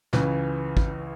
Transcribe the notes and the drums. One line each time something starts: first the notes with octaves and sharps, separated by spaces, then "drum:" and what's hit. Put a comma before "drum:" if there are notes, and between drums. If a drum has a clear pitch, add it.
C#2 C#3 E3, drum: snare
drum: kick